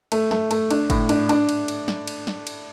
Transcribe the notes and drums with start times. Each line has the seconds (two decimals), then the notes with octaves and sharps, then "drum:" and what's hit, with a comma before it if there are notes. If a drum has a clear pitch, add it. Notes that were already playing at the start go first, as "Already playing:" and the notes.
0.12 A3, drum: cymbal
0.31 A3, drum: snare
0.51 A3, drum: cymbal
0.71 D4, drum: cymbal
0.90 A2, drum: kick F#1, cymbal
1.09 D4, drum: cymbal
1.29 D4, drum: cymbal
1.49 drum: cymbal
1.68 drum: cymbal
1.88 drum: snare
2.07 drum: cymbal
2.27 drum: snare
2.47 drum: cymbal